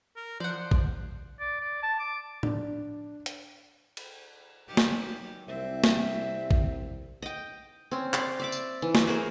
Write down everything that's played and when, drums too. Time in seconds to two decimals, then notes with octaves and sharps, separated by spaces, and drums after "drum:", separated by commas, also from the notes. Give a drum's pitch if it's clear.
0.16 A#4
0.40 F3 C5 D5 F#5
0.71 drum: kick A1
1.40 D5
1.60 D5
1.83 A5
1.99 D6
2.43 D4, drum: tom A2
3.26 drum: hi-hat
3.97 drum: cymbal
4.68 D#3 F#3 G4
4.77 drum: snare
5.48 C2 C4 E5
5.84 drum: snare
6.51 drum: kick A1
7.22 D#5 G5
7.91 C4 C#4
8.14 D5 C6, drum: clap
8.40 D5 E5 D6
8.52 drum: tambourine
8.82 E3
8.95 drum: snare
9.07 F#4 G#4 A#4 C5